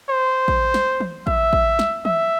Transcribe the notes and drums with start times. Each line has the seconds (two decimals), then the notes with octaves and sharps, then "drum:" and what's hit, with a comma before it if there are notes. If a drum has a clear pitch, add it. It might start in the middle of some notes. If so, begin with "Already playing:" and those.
0.09 C5
0.48 drum: kick A1
0.74 drum: snare
1.00 drum: tom
1.27 E5, drum: kick A1
1.53 drum: kick A1
1.79 drum: snare
2.05 E5, drum: tom